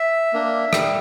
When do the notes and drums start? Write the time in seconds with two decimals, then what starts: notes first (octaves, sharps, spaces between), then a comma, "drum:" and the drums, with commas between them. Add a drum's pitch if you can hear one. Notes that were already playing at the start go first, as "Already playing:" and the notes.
Already playing: E5
0.33 A#3 D4
0.73 G3, drum: rim click